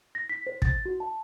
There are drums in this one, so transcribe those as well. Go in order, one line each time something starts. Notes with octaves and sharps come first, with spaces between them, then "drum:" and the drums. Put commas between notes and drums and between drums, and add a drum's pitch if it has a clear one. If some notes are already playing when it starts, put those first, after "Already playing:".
A#6
B6
C5
A6, drum: kick
F#4
A5